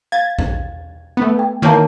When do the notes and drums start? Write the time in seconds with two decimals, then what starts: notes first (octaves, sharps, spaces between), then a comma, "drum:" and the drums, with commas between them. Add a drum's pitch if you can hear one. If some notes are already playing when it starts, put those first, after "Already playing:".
0.12 F5 G#6 A6
0.39 drum: kick A#1
1.17 A3 B3
1.39 G5
1.62 D#3 E3 A#3 F#4 C#5 A5